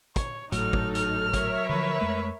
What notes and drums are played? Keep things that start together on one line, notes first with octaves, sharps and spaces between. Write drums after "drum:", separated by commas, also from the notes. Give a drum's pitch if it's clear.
C#5, drum: kick, hi-hat
G#1 A2 F#3 D#4 A4 F6, drum: hi-hat
drum: kick
F6, drum: hi-hat
A#4 C#5 E5, drum: kick, hi-hat
D3 F3 B4
F2 G#3 A3